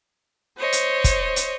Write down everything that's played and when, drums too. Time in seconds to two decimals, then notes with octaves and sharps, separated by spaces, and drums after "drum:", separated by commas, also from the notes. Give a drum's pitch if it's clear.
0.57 C5 C#5 D#5
0.72 drum: hi-hat
1.04 drum: kick, hi-hat
1.36 drum: hi-hat